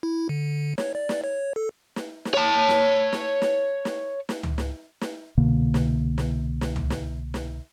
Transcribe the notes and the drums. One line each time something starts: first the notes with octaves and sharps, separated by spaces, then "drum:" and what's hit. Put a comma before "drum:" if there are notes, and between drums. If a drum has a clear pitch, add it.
E4
D3
C#5, drum: snare
D5
drum: snare
C#5
A4
drum: snare
drum: snare
C#5 A5
drum: snare
drum: snare
drum: snare
drum: snare
drum: snare
drum: tom C#2
drum: snare
drum: snare
C2 B2 D3 A#3
drum: snare
drum: snare
drum: snare
drum: tom C#2
drum: snare
drum: snare